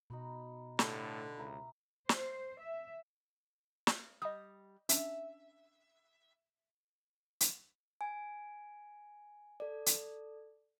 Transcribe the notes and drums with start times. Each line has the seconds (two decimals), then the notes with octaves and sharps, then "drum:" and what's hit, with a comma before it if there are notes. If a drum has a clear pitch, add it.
0.10 B2 D#4 F#4 B5
0.79 A2 D3 G4 B4, drum: snare
1.37 C#2 E4 A#5
2.09 C5, drum: snare
2.60 E5
3.87 drum: snare
4.22 G3 D#5 D#6
4.89 C#4 D4 E5, drum: hi-hat
7.40 drum: hi-hat
8.01 G#5
9.60 A4 D5
9.86 drum: hi-hat